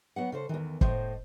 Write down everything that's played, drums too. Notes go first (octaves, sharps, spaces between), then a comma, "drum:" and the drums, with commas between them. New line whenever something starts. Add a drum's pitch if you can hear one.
F#3 B3 F#5
C#3 A4 C5
E2 D#3 E3
A2 C5 D#5, drum: kick